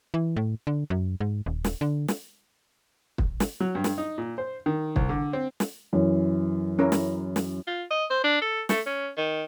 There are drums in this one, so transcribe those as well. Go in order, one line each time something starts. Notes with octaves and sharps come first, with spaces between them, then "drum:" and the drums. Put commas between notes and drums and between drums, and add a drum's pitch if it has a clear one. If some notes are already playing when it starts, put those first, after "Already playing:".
E3
A2
D3
F#2
G#2
D#1
drum: snare
D3
drum: snare
drum: kick
drum: snare
F#3
G2
drum: snare
D#4
A#2
C5
D#3
C2, drum: kick
D3
C4
drum: snare
F#2 E3
C#4 E4 A#4
drum: snare
drum: snare
F4
D#5
C5
D4
A4
A3, drum: snare
C#4
D#3